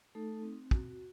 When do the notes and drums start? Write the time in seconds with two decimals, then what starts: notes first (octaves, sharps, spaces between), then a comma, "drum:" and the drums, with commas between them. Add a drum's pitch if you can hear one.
0.15 A3 D#4 A4
0.43 C4
0.71 F#4, drum: kick